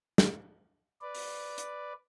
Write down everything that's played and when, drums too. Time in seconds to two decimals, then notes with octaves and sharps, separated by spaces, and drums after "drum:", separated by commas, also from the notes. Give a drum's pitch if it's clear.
0.18 drum: snare
1.02 B4 D5
1.15 drum: open hi-hat
1.58 drum: hi-hat